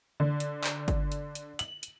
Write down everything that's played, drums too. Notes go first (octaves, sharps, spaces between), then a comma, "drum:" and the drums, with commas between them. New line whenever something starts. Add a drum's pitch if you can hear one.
D3
drum: hi-hat
drum: clap
drum: kick G1, hi-hat
drum: hi-hat
drum: hi-hat
F#7, drum: hi-hat
drum: hi-hat